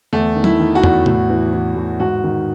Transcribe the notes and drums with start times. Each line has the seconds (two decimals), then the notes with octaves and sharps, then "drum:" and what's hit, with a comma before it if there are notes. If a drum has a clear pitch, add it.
0.13 E2 A3
0.36 D#3
0.44 E4, drum: tom
0.59 D#3
0.75 F#4
0.83 E2, drum: tom
1.06 A2, drum: tom
1.30 E3
1.53 E3
1.76 A2
1.99 G#2 F#4
2.24 D#3